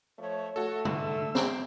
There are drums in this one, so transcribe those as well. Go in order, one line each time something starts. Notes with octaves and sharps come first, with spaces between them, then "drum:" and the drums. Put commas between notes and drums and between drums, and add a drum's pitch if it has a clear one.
F3 A3 C#5
A3 F#4 A4
G#2 D3 E6, drum: tom C3
C5 D7, drum: snare